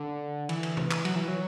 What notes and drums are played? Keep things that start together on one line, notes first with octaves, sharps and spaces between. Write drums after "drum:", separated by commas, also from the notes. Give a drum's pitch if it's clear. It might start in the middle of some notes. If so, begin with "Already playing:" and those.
Already playing: D3
E3, drum: cymbal
drum: cymbal
drum: tom
drum: clap
F#3, drum: cymbal
E3
F#3